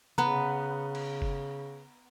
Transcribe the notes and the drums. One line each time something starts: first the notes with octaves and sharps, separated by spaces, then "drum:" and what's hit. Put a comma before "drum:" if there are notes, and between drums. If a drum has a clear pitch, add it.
C#3 B3 B4 A#5, drum: tom C3
drum: cymbal
drum: kick F#1